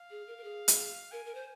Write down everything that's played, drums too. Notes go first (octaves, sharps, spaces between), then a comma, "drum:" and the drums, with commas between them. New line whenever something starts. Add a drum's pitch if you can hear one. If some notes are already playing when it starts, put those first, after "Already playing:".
Already playing: F5
G#4
A#4
A#4
G#4
drum: hi-hat
A#4 G#5
A#4
C5